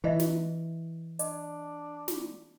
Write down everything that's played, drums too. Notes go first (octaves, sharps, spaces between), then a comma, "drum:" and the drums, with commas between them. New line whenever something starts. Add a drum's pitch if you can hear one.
E3 E4 D#5 E5
drum: snare
D4 D#5, drum: hi-hat
drum: snare